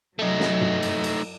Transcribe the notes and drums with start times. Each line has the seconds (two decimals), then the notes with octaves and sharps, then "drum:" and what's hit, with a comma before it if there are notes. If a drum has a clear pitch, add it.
0.19 F#3 A3 D#4
0.40 drum: snare
0.61 drum: tom G2
0.83 drum: cymbal
1.04 drum: cymbal